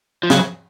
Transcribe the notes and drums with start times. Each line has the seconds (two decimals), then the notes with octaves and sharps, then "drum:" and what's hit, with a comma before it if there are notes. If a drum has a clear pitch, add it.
0.23 F3
0.30 C#3 F#3, drum: snare